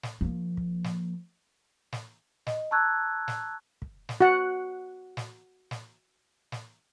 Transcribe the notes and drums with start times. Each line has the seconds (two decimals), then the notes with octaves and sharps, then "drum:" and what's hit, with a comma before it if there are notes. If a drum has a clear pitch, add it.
0.03 drum: snare
0.21 F3 A#3
0.57 drum: kick
0.84 drum: snare
1.92 drum: snare
2.47 D#5, drum: snare
2.71 A5 A#5 C#6 E6 F#6 G#6
3.28 drum: snare
3.82 drum: kick
4.09 drum: snare
4.21 F#4 F#5
5.17 drum: snare
5.71 drum: snare
6.52 drum: snare